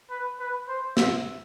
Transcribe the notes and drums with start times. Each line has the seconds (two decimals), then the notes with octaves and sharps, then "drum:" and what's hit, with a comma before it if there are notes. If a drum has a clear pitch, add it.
0.11 B4
0.40 B4
0.68 C5
0.97 E5, drum: snare